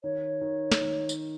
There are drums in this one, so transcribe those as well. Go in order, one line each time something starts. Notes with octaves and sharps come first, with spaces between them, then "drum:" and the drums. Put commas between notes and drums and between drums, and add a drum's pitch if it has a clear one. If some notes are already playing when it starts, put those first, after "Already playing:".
D#3 C#5
D#3
drum: snare
D#3
drum: tambourine